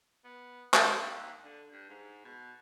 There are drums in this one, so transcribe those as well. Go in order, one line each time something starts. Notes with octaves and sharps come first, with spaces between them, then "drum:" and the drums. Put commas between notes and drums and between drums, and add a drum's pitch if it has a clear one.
B3
C4, drum: clap
D#2
D3
G2
G#2
B2